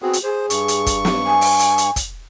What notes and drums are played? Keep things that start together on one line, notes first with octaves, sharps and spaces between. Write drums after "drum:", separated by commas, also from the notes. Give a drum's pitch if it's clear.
B3 C4 F#4 G#4
drum: hi-hat
G#4 C5
G2 C#6, drum: hi-hat
drum: hi-hat
drum: kick, hi-hat
drum: snare
G#5
drum: open hi-hat
drum: hi-hat
drum: hi-hat
drum: kick, hi-hat